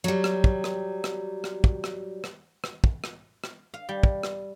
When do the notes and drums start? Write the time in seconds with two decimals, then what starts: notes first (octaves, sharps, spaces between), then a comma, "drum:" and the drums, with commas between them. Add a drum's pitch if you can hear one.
0.04 F#3 G3
0.24 drum: rim click
0.44 drum: kick
0.64 drum: rim click
1.04 drum: rim click
1.44 drum: rim click
1.64 drum: kick
1.84 drum: rim click
2.24 drum: rim click
2.64 drum: rim click
2.84 drum: kick
3.04 drum: rim click
3.44 drum: rim click
3.74 F5
3.89 G3
4.03 drum: kick
4.23 drum: rim click